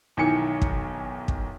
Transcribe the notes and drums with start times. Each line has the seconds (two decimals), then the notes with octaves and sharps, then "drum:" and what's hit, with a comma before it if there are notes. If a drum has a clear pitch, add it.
0.17 B1 D#3 E3 G#5 C#7
0.62 drum: kick
1.28 drum: kick